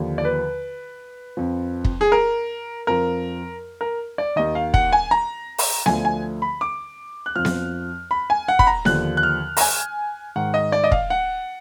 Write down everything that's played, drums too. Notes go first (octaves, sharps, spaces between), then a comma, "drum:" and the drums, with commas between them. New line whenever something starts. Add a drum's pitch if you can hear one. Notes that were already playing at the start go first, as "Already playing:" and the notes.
Already playing: D#2 D3 F3
D5
B4
F2 F3
drum: kick
G#4
A#4
F2 F3 A#4
A#4
D5
D#2 D#3 D#5
F5
F#5, drum: kick
G#5
A#5
drum: open hi-hat
D2 D3 F3 G#5, drum: snare B3
G#5
B5
D6
F#6
F2 F3 F6
drum: snare B3
B5
G#5
F#5
B5, drum: kick
A#5
D#2 D3 F3 F#6, drum: snare B3
F#6
F6
A#5, drum: open hi-hat
G#5
G#2 D#3 F#5
D#5
D5
D#5
F5, drum: kick
F#5